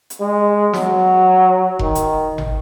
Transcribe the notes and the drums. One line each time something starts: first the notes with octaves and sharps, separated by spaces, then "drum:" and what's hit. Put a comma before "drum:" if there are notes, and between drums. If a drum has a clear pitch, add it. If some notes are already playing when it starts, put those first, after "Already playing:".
drum: hi-hat
G#3
F#3, drum: snare
D#3, drum: kick F1
drum: hi-hat
drum: tom G#1